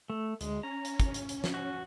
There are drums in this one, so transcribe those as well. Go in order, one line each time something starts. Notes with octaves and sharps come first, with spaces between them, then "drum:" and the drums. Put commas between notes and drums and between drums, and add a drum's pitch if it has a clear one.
A3
D2 G#3, drum: hi-hat
C#4 A#5
drum: hi-hat
drum: kick, hi-hat
drum: hi-hat
drum: hi-hat
drum: snare
F#4